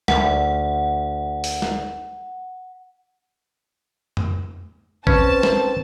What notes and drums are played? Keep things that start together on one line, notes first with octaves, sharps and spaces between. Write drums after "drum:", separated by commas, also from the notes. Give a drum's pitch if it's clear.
D2 F#5, drum: snare
drum: open hi-hat
drum: snare
drum: tom F2
C4 C#4 B4 A5, drum: kick A1
drum: snare